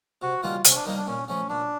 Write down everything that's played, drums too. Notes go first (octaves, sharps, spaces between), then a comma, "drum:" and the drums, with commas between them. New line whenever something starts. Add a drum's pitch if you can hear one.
C3 F#4
D#3 G3 A#3 C#4 F4
C3, drum: hi-hat
C#4
D4
D#3 G3 A#3 C#4 D#4
D4
A#2 C#4
F3 A3 C#4
A#2 D4